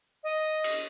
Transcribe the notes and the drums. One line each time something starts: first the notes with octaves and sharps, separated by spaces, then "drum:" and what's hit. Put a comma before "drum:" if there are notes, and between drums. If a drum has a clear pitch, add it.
D#5
drum: cymbal